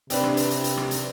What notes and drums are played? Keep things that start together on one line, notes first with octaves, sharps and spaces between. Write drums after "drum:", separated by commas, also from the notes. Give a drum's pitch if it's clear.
C3 C4 D4 B4, drum: hi-hat
drum: rim click
drum: hi-hat
drum: hi-hat
drum: hi-hat
drum: rim click
drum: hi-hat